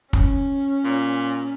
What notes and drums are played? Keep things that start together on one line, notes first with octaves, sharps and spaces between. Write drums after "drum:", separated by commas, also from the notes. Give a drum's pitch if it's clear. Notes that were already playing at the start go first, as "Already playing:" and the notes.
C#4, drum: kick
A#2